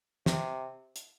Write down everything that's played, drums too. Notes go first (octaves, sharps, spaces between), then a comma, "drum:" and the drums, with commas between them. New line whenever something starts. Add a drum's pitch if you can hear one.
C3, drum: snare
drum: hi-hat